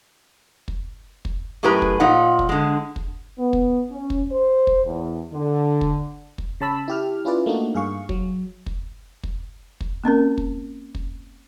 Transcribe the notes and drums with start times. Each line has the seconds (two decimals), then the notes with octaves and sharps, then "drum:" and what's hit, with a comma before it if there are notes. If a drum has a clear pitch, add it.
0.68 drum: kick
1.25 drum: kick
1.63 F#2 A2 G4 G#4 B4 A#5
1.82 drum: kick
2.00 A#2 F3 D#4 F#5
2.39 drum: kick
2.49 D3 G#3
2.96 drum: kick
3.39 B3
3.53 drum: kick
3.90 C#4
4.10 drum: kick
4.31 C5
4.67 drum: kick
4.84 E2
5.32 D3
5.81 drum: kick
6.38 drum: kick
6.60 C#3 C#5 A5 B5 E6 B6
6.88 E4 G4 F6
7.25 C#4 E4 F4 G#4 B4 D5
7.46 A3 A#3 D4 D#4 F#4
7.74 G2 G#4 F5 C#6
8.09 F#3, drum: kick
8.66 drum: kick
9.23 drum: kick
9.81 drum: kick
10.04 A#3 C4 C#4 A#4
10.38 drum: kick
10.95 drum: kick